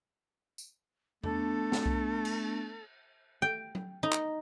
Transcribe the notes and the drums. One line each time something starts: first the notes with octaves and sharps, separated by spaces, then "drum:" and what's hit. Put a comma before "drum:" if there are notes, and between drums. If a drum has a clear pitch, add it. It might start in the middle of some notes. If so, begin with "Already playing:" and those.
drum: tambourine
A3 B3 D4 A4, drum: tom E2
drum: snare
drum: kick C2
drum: cymbal
G5
drum: tom F#3
D#4
drum: clap